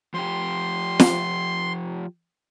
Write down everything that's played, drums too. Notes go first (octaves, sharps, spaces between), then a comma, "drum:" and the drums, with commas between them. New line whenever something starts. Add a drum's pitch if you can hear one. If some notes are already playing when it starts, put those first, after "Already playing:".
F3 F4 G4 C6
drum: snare